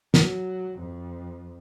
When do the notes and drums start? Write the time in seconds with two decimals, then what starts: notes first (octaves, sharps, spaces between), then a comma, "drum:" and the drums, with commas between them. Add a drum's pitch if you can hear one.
0.14 F#3, drum: snare
0.79 F2